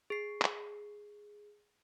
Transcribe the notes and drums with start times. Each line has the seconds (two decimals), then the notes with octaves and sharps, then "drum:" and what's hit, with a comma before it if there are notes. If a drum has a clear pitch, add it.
0.10 G#4 C7
0.42 drum: clap